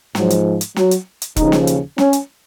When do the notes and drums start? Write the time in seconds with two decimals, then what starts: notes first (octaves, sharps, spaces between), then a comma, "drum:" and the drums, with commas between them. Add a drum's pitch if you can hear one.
0.15 G#2 F3 F#3, drum: snare
0.30 drum: hi-hat
0.61 drum: hi-hat
0.76 F#3, drum: snare
0.91 drum: hi-hat
1.22 drum: hi-hat
1.36 D#2 C#3 F3 D#4, drum: kick E1, hi-hat
1.52 drum: snare
1.67 drum: hi-hat
1.98 C#4, drum: snare
2.13 drum: hi-hat